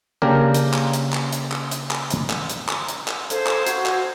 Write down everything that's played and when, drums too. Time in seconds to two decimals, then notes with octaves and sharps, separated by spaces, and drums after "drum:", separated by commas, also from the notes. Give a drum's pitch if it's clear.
0.22 C#3 A#3 D4 G4 A#4
0.54 drum: hi-hat
0.74 drum: clap
0.93 drum: hi-hat
1.13 drum: clap
1.32 drum: hi-hat
1.52 drum: clap
1.71 drum: hi-hat
1.91 drum: clap
2.10 drum: hi-hat
2.30 drum: clap
2.49 drum: hi-hat
2.69 drum: clap
2.88 drum: hi-hat
3.08 drum: clap
3.30 A4 C5 F5 G#6, drum: hi-hat
3.47 drum: clap
3.66 F#4, drum: hi-hat
3.86 drum: clap